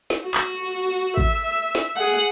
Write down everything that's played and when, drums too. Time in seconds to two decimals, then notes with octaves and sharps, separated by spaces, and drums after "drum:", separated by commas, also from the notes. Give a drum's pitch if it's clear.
0.10 drum: snare
0.24 F#4
0.34 drum: clap
1.17 E5, drum: kick G#1
1.75 drum: snare
1.97 G#4 F#5